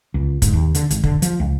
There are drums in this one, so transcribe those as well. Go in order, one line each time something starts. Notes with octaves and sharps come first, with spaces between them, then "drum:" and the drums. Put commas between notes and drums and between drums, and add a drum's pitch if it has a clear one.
C#2
G#2, drum: kick, hi-hat
D#2
D3, drum: hi-hat
G#1, drum: hi-hat
D3, drum: kick
F3, drum: hi-hat
C#2